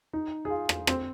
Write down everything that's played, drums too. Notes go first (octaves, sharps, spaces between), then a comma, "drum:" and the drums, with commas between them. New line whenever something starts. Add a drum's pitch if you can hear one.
D#4
G#4
F4
drum: rim click
C4, drum: rim click